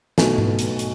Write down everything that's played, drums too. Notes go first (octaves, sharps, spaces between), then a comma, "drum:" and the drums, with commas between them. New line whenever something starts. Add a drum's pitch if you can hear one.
B1 B2 A3 G#5, drum: snare
drum: tom G#2
drum: hi-hat
drum: hi-hat